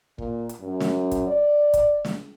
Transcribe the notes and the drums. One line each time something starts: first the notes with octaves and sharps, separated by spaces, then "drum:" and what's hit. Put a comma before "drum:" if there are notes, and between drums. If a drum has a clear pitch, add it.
A#2, drum: kick
drum: hi-hat
F#2
drum: snare
drum: kick, hi-hat
D5
drum: kick, hi-hat
drum: snare